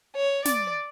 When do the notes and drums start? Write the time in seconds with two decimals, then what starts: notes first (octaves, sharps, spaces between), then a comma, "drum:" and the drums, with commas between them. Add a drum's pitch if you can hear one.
0.16 C#5
0.45 D5, drum: snare